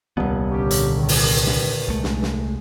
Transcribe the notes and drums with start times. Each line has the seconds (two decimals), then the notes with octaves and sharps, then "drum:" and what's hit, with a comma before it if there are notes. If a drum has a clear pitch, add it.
0.17 D#1 C2 B3
0.52 A#2 D3 C#4 G4
0.71 drum: hi-hat
0.96 E2 D#3
1.09 drum: open hi-hat
1.47 drum: snare
1.88 C2 G#3 A3
2.03 drum: snare
2.22 drum: snare